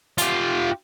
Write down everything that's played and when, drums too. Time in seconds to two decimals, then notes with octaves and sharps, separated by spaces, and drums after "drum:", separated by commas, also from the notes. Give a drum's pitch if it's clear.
0.18 F4 G4, drum: hi-hat